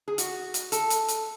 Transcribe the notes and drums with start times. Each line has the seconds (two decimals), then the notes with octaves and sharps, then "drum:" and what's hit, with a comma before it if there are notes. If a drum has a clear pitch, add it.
0.08 G#4
0.18 F#4, drum: hi-hat
0.54 drum: hi-hat
0.72 A4, drum: hi-hat
0.90 drum: hi-hat
1.08 drum: hi-hat